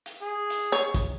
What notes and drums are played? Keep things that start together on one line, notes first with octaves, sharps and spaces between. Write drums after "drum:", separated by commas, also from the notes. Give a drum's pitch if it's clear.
drum: hi-hat
G#4
drum: hi-hat
C#5
drum: kick, hi-hat